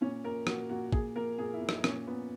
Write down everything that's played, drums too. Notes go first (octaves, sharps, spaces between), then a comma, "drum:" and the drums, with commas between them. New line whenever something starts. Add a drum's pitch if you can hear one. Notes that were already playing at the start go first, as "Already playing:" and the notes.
A#2 C#4
A#2 A#4
A#2 F#4, drum: rim click
A#2 F#4
A#2 G#4, drum: kick
A#2 A#4
A#2 G#4
E4
A#2
D#4, drum: rim click
A#2 C#4, drum: rim click
A#2 B3